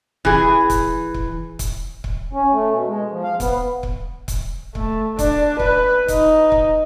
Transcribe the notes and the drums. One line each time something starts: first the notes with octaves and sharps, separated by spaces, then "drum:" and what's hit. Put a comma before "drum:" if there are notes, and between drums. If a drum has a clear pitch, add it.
E3 G#4, drum: kick C#1
drum: kick C#1, hi-hat
drum: kick C#1
drum: kick C#1, hi-hat
drum: kick C#1
C#4
A3
B2
G#3
F3
F5
B3, drum: kick C#1, hi-hat
drum: kick C#1
drum: kick C#1, hi-hat
A3, drum: kick C#1
D4, drum: kick C#1, hi-hat
B4, drum: kick C#1
D#4, drum: kick C#1, hi-hat
drum: kick C#1